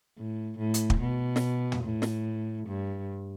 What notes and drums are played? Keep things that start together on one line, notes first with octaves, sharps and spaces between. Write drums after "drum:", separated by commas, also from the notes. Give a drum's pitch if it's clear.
A2
A2
drum: hi-hat
drum: kick
B2
drum: snare
drum: tom
A2
drum: snare
G2